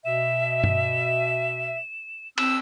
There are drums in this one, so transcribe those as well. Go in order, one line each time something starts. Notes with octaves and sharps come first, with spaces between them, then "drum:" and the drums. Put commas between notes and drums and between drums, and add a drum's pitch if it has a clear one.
B2 E5 E7
drum: tom G2
C4 E6 E7, drum: cymbal